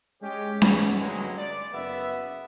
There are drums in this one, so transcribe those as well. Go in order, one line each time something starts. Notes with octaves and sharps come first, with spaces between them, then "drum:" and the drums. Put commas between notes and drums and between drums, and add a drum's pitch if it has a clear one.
G#3 C#4 G4
G#2 C#3 E3 F#3 C#4, drum: snare C#4
G2 D3 F#3 G#3 D#4 E4
D5
F#1 B3 E5